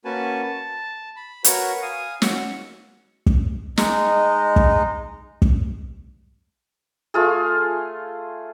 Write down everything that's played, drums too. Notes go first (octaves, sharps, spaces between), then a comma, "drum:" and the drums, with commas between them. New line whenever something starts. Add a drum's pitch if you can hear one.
A#3 C#4 F#4 B4 G#5 A5
A5
B5
F#4 A#4 B4 C#5, drum: hi-hat
F5 G#5 D#6
C#4 F#4 C#6 E6, drum: snare
drum: kick
G#3 D#4, drum: snare
drum: kick
drum: kick
A3 F4 G#4